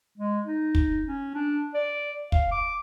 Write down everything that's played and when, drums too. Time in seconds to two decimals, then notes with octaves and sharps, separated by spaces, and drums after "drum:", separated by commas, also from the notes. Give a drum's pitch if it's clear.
0.18 G#3
0.45 D#4
0.75 drum: kick
1.07 C#4
1.34 D4
1.74 D5
2.32 F5, drum: kick
2.52 D6